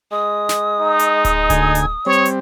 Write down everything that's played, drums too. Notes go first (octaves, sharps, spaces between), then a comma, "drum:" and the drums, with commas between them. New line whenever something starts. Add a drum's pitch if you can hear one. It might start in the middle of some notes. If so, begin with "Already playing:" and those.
G#3 D#6
drum: snare
D#4
drum: hi-hat
drum: kick D1, hi-hat
D2 G#5, drum: kick D1, hi-hat
drum: hi-hat
G3 C4 C#5
drum: hi-hat